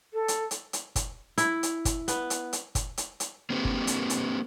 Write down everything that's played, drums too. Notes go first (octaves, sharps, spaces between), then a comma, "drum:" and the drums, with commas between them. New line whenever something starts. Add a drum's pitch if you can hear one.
A4
drum: hi-hat
drum: hi-hat
drum: hi-hat
drum: kick, hi-hat
E4, drum: hi-hat
drum: hi-hat
drum: kick, hi-hat
B3, drum: hi-hat
drum: hi-hat
drum: hi-hat
drum: kick, hi-hat
drum: hi-hat
drum: hi-hat
A#3 C4 D4 G4 A4 B4
drum: kick
drum: hi-hat
drum: hi-hat